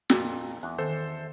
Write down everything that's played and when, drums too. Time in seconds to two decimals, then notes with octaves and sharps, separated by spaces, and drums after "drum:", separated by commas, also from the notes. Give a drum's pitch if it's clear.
0.10 F2 A#2, drum: snare
0.63 E2 F#6
0.78 D#3 A4 C5